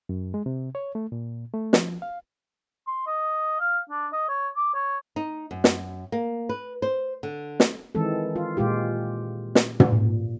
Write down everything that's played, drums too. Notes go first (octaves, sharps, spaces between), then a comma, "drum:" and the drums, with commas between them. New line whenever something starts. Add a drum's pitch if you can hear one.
F#2
G#3
C3
C#5
A3
A#2
A3
F3, drum: snare
F5
C6
D#5
F5
D4
D#5
C#5
D6
C#5
D#4
F#2
drum: snare
A#3
B4
C5
D3
drum: snare
D#3 E3 G#3 C4 A4
F4
A#2 G#3 F4 G4
drum: snare
drum: tom
A#2